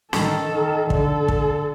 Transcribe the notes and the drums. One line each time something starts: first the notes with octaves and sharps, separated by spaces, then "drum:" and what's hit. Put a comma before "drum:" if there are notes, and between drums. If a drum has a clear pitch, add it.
D#3 A4, drum: snare
D#3
D3 A4, drum: kick
drum: kick